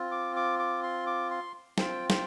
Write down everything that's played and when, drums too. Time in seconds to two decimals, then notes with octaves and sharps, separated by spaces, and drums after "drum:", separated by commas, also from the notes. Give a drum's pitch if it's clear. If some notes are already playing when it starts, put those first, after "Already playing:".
Already playing: C4 F4
0.11 D6
0.36 D6
0.59 D6
0.83 C6
1.06 D6
1.31 C6
1.78 C4 F4 G5, drum: snare
2.10 G5, drum: snare